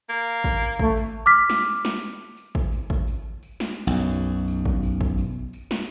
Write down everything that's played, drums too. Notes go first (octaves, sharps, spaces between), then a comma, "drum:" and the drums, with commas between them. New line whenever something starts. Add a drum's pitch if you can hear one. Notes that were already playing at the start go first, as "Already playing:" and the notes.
A#3
drum: tambourine
drum: kick
drum: tambourine
A3, drum: kick
drum: tambourine
D6 F6 B6
drum: snare
drum: tambourine
drum: snare
drum: tambourine
drum: tambourine
drum: kick
drum: tambourine
drum: kick
drum: tambourine
drum: tambourine
drum: snare
B1 F#2
drum: tambourine
drum: tambourine
drum: kick
drum: tambourine
drum: kick
drum: tambourine
drum: tambourine
drum: snare